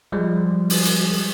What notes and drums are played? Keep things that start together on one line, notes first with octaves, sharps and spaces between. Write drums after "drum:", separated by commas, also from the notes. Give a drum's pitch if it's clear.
F3 G3 G#3
drum: open hi-hat
drum: hi-hat